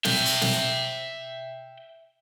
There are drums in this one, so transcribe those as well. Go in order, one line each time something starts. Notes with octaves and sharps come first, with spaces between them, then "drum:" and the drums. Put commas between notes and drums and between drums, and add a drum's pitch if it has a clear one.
E5 G5, drum: snare
drum: hi-hat
drum: snare